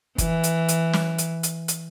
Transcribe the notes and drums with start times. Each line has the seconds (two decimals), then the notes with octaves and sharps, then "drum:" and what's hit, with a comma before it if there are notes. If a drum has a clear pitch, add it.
0.18 E3, drum: kick G1, hi-hat
0.43 drum: hi-hat
0.68 drum: hi-hat
0.93 drum: snare
1.18 drum: hi-hat
1.43 drum: hi-hat
1.68 drum: hi-hat